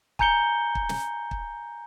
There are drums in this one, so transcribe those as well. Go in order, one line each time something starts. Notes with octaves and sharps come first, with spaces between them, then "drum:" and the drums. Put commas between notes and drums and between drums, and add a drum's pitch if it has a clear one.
G#5 A#5 G6 C#7 G7, drum: kick
drum: kick
drum: snare
drum: kick